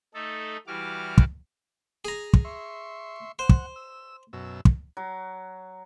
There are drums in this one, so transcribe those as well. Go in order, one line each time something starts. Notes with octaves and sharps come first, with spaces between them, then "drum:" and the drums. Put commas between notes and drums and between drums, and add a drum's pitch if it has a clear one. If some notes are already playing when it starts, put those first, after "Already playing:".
A3 D#4 A4
E3 G3 F#4 D6 F6
drum: kick
G#4 A#5
drum: kick
E5 C6 C#6
C5 F#5
drum: kick
E6
F#2 B2 E6
drum: kick
F#3